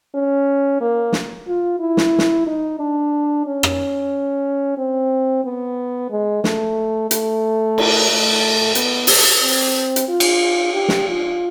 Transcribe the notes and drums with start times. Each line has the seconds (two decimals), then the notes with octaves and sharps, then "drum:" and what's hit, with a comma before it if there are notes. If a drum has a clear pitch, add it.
0.15 C#4
0.81 A#3
1.12 drum: snare
1.48 F4
1.80 E4
1.97 drum: snare
2.18 drum: snare
2.47 D#4
2.79 D4
3.46 C#4
3.63 drum: rim click
4.78 C4
5.45 B3
6.10 G#3
6.44 A3, drum: snare
7.11 A3, drum: hi-hat
7.78 drum: cymbal
8.10 A3
8.75 B3, drum: hi-hat
9.07 drum: open hi-hat
9.41 C4
9.96 drum: hi-hat
10.08 F4
10.20 drum: cymbal
10.74 G4
10.88 drum: snare
11.08 F4